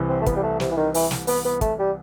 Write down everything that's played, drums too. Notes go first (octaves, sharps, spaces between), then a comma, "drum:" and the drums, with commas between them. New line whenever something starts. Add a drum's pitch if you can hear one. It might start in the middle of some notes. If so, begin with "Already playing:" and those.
Already playing: C2 C3 E3
C4
A3
B3, drum: kick, hi-hat
G3
A3
C3, drum: snare
E3
D#3
E3, drum: open hi-hat
drum: snare
B3, drum: open hi-hat
B3
A3, drum: kick, hi-hat
G3